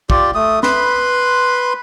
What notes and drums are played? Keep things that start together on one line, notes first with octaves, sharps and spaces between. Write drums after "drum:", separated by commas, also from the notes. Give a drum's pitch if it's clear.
F4 G4 D5, drum: kick
A3 D#6
B4 B5 C6, drum: snare